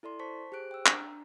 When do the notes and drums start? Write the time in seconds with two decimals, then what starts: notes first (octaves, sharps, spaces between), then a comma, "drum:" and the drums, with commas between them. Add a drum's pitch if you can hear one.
0.03 E4 A4 D5 C6
0.19 C5 A5 C#6 B6
0.52 G4 G#4 C5 F#6 D7
0.71 G5 E6
0.86 D4 A#5, drum: clap